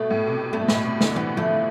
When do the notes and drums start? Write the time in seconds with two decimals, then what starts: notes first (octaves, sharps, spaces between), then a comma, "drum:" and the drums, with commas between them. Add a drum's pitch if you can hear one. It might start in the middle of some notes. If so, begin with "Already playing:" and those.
Already playing: G2 B2 A3
0.10 A2
0.27 C3
0.32 B2
0.53 G2 A3
0.62 B2
0.68 A2, drum: snare
0.84 C3
1.01 D3, drum: snare
1.15 E3 B3
1.37 F3 A3